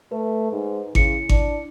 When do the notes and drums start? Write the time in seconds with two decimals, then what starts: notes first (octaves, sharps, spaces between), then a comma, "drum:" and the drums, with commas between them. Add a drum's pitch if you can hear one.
0.11 A3 B4
0.52 G#2
0.95 C#3 E4 C#7, drum: kick G#1
1.29 D4, drum: kick G#1